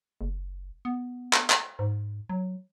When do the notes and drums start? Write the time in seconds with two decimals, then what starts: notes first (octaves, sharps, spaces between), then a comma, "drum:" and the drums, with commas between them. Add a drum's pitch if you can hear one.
0.21 F#1
0.85 B3
1.33 drum: clap
1.50 drum: clap
1.79 G#2
2.29 F#3